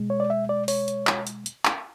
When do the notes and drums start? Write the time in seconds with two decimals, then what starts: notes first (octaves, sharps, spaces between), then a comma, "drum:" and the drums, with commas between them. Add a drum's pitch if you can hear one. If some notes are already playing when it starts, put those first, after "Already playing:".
Already playing: B2 G#3
0.10 C#5
0.20 D5
0.30 E5
0.49 D5
0.68 C#5, drum: open hi-hat
0.88 drum: hi-hat
1.07 drum: clap
1.27 drum: hi-hat
1.46 drum: hi-hat
1.65 drum: clap